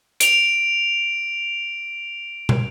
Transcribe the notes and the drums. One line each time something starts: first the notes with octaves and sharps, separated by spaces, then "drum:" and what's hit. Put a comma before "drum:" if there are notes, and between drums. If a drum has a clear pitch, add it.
D7 F7, drum: hi-hat
drum: tom